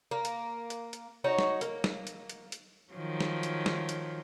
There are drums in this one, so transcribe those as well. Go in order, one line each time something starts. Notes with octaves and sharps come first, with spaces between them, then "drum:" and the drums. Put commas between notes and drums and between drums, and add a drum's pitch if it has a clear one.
A#3
drum: hi-hat
drum: hi-hat
drum: hi-hat
D#4 F#4 C#5
drum: snare
A#3, drum: hi-hat
drum: snare
drum: hi-hat
drum: hi-hat
drum: hi-hat
D#3 F3 F#3
drum: snare
drum: hi-hat
drum: snare
drum: hi-hat